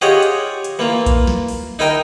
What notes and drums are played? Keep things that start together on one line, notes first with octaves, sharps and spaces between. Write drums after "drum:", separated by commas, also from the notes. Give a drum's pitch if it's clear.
F4 G4 G#4 C#5 D#5 F#5
drum: hi-hat
drum: hi-hat
E3 A#3 F4
drum: kick A#1, hi-hat
drum: snare
drum: open hi-hat
D#4 E4 A#4 D#5 G5